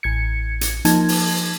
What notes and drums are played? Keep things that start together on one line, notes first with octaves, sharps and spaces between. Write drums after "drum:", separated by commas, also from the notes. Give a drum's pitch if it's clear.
A1 G#6 C#7
drum: hi-hat
F3 A#3 D#4 A5 G#6, drum: hi-hat
drum: open hi-hat